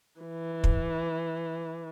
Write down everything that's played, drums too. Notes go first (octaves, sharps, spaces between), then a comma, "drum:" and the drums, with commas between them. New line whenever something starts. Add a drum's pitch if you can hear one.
E3
drum: kick